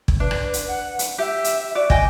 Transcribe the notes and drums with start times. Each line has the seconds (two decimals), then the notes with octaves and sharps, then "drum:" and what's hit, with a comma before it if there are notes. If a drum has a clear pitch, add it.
0.08 drum: kick
0.20 D4 B4
0.31 drum: rim click
0.54 drum: hi-hat
0.68 F#5
0.99 drum: hi-hat
1.18 G4 E5
1.44 drum: hi-hat
1.75 F#4 D5
1.90 D#5 G5 G#5, drum: kick